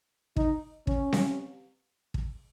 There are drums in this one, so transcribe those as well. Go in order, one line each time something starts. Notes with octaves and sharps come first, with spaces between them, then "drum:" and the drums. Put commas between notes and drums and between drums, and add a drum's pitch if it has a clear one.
D#4, drum: kick
C#4, drum: kick
drum: snare C4
drum: kick